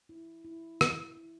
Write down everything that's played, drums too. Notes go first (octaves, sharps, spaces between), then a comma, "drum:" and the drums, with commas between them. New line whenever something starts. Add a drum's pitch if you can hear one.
E4
E4
drum: rim click
E4